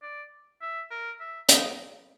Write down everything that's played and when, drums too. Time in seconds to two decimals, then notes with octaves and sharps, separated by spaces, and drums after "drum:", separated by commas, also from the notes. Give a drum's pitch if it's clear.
0.02 D5
0.62 E5
0.90 A#4
1.20 E5
1.49 D#5, drum: hi-hat